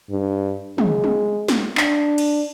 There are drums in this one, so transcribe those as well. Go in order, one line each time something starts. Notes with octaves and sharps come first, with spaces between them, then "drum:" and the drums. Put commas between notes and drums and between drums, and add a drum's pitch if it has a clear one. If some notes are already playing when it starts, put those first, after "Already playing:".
G2
G#3, drum: tom
drum: tom
drum: snare
D4, drum: clap
drum: cymbal